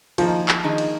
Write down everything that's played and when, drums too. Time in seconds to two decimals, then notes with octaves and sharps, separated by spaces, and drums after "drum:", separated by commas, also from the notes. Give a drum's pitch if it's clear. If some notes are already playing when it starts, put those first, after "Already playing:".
0.18 D#3 F3 A#3 D#4 G#4, drum: cymbal
0.48 drum: clap
0.63 D#3 A#3 D#4 G#4
0.78 drum: cymbal